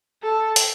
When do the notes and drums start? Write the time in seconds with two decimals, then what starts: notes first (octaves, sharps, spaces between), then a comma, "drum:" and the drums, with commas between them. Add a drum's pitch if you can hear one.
0.23 A4
0.56 drum: hi-hat